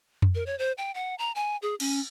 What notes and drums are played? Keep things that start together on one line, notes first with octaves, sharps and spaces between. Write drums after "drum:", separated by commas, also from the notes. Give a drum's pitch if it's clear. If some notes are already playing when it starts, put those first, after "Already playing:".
drum: tom F2
A#4
C#5
C5
G5
F#5
A#5
G#5
G#4
C#4, drum: cymbal